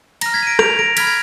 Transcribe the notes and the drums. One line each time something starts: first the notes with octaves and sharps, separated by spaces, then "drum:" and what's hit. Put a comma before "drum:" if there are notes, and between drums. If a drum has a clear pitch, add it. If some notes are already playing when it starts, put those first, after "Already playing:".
A#5 F6 A#6, drum: cymbal
G#6 B6
D#7
A#6 D7
D7 F7, drum: rim click
A#6 D7
B5 F6 G#6 B6, drum: cymbal
G#6